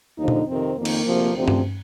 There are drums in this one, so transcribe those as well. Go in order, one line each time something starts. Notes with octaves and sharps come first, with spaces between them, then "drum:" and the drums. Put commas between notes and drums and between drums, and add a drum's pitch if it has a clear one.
D#2 D3 F3 D#4
drum: tom A#2
F2 C3 D#3 C4
F2 D#3 A#3
drum: cymbal
D2 C3 F3
D2 C3 F3 C4
drum: tom G2